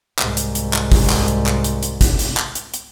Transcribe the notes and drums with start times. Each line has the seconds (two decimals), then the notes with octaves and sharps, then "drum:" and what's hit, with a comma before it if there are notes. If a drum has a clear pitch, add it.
0.19 C2 G#2, drum: clap
0.37 drum: hi-hat
0.55 drum: hi-hat
0.73 drum: clap
0.92 drum: kick, open hi-hat
1.10 drum: clap
1.28 drum: hi-hat
1.46 drum: clap
1.64 drum: hi-hat
1.83 drum: hi-hat
2.01 drum: kick, hi-hat
2.19 drum: hi-hat
2.37 drum: clap
2.55 drum: hi-hat
2.74 drum: hi-hat